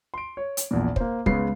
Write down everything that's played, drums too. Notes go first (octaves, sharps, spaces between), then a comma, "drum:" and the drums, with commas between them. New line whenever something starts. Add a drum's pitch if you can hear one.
C6 D7
C#5
drum: hi-hat
A#1 E2 A#2
A#3 C5, drum: kick
C#2 C#3 G#3 B3 C7, drum: kick